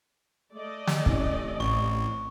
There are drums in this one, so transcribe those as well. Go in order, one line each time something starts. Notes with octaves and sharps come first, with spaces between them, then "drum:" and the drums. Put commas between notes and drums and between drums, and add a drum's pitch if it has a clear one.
A3 D5 D#5
drum: snare
C3 E3 C#4, drum: kick
A1 C#6